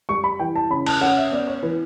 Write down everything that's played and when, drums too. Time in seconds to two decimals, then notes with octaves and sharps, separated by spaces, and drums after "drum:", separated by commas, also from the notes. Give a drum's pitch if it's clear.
0.09 G3 C#6
0.24 B5
0.40 E3 G5
0.56 A5
0.70 C#3 B5
0.86 A5, drum: cymbal
1.01 C#4 F#5
1.17 E5
1.32 B3 D5
1.47 C#5
1.63 E3 B4